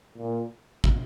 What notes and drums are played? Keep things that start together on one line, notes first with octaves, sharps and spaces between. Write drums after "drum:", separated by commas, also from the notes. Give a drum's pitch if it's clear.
A#2
drum: kick